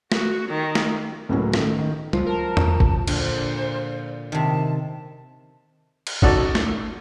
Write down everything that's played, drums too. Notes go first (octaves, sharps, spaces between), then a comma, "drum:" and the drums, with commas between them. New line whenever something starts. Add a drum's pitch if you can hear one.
F#4, drum: snare
D#3
drum: snare
C#2 A2 C#3 F#3 A#3 C#4
D#3 A3, drum: snare
D#3
C#2 F3, drum: tom G3
A#4 A5
drum: tom E2
drum: kick
A#2 D3 C5, drum: cymbal
C3 D#3 A5
drum: cymbal
C#4 D#4 F#4 A4 C#5 D5, drum: kick
drum: snare